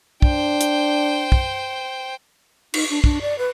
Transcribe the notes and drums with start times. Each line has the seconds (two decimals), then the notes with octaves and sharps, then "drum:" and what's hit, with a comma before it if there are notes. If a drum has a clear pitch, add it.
0.22 D4 C5 G5, drum: kick
0.61 drum: hi-hat
1.32 drum: kick
2.74 D#4, drum: cymbal
2.90 D4
3.04 D4, drum: kick
3.21 D5
3.38 B4